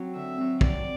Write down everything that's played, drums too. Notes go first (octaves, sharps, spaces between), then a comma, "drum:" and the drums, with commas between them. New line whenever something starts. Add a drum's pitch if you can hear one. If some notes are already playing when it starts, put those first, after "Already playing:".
Already playing: F#3 C4 F#4
D3 E5
F#3 C4
D3 D5, drum: kick